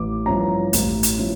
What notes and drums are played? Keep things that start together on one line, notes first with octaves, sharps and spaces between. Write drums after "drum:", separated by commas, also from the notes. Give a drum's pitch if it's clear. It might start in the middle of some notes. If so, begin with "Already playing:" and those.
Already playing: A1 D6
G2 F3 C#4 E4 A#5
A1, drum: hi-hat
drum: hi-hat
F3 C#4 E4